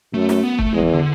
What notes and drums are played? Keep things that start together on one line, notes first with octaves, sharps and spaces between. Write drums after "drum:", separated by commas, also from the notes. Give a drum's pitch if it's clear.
F#2 A3
drum: snare
B3
A3, drum: kick
E2 G#3
E3
D3